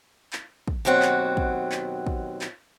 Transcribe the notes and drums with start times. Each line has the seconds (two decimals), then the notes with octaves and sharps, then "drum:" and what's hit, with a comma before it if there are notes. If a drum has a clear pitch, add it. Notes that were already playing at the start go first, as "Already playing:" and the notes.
0.33 drum: clap
0.68 drum: kick
0.85 D#2 B2 F#3 C4 F#5
1.02 drum: clap
1.37 drum: kick
1.72 drum: clap
2.07 drum: kick
2.41 drum: clap